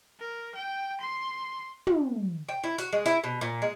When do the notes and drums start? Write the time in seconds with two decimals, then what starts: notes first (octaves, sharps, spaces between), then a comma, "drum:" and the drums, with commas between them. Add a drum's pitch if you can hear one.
0.20 A#4
0.55 G5
1.00 C6
1.87 drum: tom
2.49 G5
2.64 E4
2.78 F#4, drum: hi-hat
2.93 G#3
3.06 E4, drum: hi-hat
3.24 B2
3.41 A#2
3.62 G#3